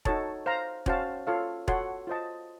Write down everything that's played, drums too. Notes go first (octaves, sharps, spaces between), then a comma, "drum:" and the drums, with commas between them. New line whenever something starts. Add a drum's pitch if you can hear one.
D#4 F#4 A4 C#5 A5, drum: kick E1
C5 F5 A#5
C#4 F#4 C5 F5 A5, drum: kick E1
F4 A4 C#5 F5
F#4 A4 C#5 F#5 C6, drum: kick E1
F4 C5 D#5 A5